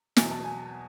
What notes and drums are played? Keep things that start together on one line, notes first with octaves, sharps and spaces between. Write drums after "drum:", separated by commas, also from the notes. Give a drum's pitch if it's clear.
E2 B2 F#3 G#5, drum: snare
A5
G#5